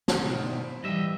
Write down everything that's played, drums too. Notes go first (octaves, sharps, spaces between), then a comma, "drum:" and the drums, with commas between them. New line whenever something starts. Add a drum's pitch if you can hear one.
E2 C#3, drum: snare
B2 D#3 D4 C5
E4 C5 D5
E3 G3 D#5 E5